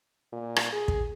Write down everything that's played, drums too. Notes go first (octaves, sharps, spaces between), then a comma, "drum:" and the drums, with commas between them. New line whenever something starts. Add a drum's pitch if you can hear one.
A#2
drum: rim click
G#4
drum: kick